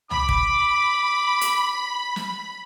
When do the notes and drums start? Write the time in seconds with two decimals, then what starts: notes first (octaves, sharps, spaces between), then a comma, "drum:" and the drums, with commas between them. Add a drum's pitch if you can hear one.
0.11 B5 D6, drum: tom
0.29 drum: kick
1.41 drum: hi-hat
2.16 drum: snare